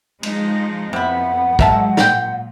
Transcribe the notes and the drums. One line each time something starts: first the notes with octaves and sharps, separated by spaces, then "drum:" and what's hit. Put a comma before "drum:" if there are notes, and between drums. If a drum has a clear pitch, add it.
F3 G#3 D#4, drum: cymbal
F2 C3 B3 E4 F#5
F3 F#3 G#3 A#4 E5 A5, drum: kick
A#2 A#4 G5, drum: snare